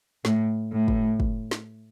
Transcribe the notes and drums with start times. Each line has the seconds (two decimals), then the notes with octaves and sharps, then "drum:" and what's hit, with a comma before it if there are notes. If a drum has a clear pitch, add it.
0.25 A2, drum: snare
0.72 A2
0.88 drum: kick
1.20 drum: kick
1.51 drum: snare